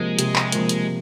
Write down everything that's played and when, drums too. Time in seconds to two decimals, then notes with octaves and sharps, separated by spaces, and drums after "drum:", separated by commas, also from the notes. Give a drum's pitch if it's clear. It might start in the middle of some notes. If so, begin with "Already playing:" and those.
Already playing: C3 F3 G#3 A#3
0.19 C3, drum: hi-hat
0.36 drum: clap
0.52 F3 A#3, drum: hi-hat
0.69 drum: hi-hat